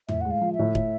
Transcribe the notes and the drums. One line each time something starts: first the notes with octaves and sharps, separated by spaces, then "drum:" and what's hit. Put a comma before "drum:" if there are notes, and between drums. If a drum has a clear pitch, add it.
A2 E5, drum: tom
G#3 F#5
F5
F3
E5
A2
A2, drum: kick E1